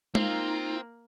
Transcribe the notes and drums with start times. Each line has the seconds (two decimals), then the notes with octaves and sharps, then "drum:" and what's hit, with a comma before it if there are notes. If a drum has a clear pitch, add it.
0.15 A#3 C4 D#4 F4, drum: tom